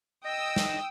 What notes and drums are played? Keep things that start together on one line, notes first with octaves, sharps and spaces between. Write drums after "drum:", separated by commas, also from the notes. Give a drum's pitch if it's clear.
D#5 G5 D#6 E6
drum: snare